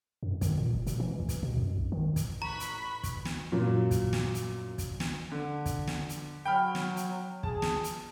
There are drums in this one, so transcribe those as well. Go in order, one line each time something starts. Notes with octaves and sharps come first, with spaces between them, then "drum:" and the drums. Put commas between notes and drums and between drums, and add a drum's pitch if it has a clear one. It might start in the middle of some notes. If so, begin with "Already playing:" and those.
F#2
D#3, drum: kick, hi-hat
A#2
F#1
B2, drum: hi-hat
E3
D2
drum: kick, hi-hat
B2
F#2
B1
D#3
drum: kick, hi-hat
A1 A#5 B5 C#6 F#6 B6
drum: hi-hat
drum: kick, hi-hat
drum: snare
F#2 A#2 F#3
drum: kick, hi-hat
drum: snare
drum: hi-hat
drum: kick, hi-hat
drum: snare
D3
drum: kick, hi-hat
drum: snare
drum: hi-hat
F#3 G5 B5 F6
drum: snare
drum: hi-hat
G#4 A5, drum: kick
drum: snare
drum: hi-hat